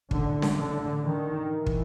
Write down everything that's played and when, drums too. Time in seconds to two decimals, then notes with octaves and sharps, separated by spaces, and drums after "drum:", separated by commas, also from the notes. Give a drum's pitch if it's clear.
0.11 A2 D3, drum: kick
0.42 drum: snare C#4
0.57 D3
1.05 D#3
1.52 E3
1.66 drum: kick